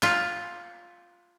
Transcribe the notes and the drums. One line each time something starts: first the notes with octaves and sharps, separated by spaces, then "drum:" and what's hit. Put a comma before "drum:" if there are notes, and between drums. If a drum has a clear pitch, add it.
F4, drum: clap